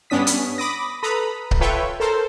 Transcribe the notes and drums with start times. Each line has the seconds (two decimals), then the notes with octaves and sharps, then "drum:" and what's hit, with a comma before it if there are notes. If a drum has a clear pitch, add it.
0.10 G2 B3 C#4 D4 D#6 B6
0.27 drum: hi-hat
0.58 B5 D6 D#6 A#6
1.03 A4 B4 A#5 B5 D#6
1.51 drum: kick C#1
1.60 F4 A4 B4 C#5 E5 G5
2.00 A4 A#4 C5